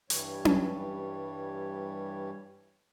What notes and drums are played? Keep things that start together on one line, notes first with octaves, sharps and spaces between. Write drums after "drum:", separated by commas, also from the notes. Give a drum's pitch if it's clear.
G2 E3 G3 C#5, drum: hi-hat
drum: tom C#4